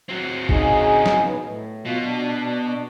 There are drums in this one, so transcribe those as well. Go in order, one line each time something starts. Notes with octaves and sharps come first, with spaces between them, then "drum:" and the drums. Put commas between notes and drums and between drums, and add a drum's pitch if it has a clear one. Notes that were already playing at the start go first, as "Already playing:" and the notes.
F#3 C4
C#3 D#4 G#4, drum: kick G#1
drum: snare
B2 F#3 B3
A2
B2 F#3 F4
D4